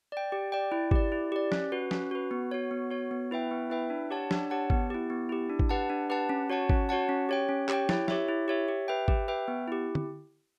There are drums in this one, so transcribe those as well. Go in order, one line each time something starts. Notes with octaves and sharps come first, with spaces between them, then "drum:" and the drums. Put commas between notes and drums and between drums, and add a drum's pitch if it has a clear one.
D5 G5
G4
D5 G5
E4
G4 D5, drum: kick G#1
E4
G4 D5
C#4, drum: snare
F#4 B4
C#4, drum: snare
F#4 B4
B3
F#4 C#5
B3
F#4 C#5
B3
E4 B4 E5 G5
B3
E4 B4 E5 G5
D4
G4 C#5 F#5 A5
D4, drum: snare
G4 C#5 F#5 A5
B3, drum: kick G#1
E4 G4
B3
E4 G4
D4
drum: kick G#1
G4 B4 F#5 A5
D4
G4 B4 F#5 A5
C#4
F#4 C#5 F#5 A5
C#4, drum: kick G#1
F#4 C#5 F#5 A5
C#4
G4 C#5 G5
C#4
G4 C#5 G5, drum: clap
E4, drum: snare
G4 C#5 E5, drum: snare
E4
G4 C#5 E5
G4
B4 E5 G5
G4, drum: kick G#1
B4 E5 G5
B3
E4 G4
drum: tom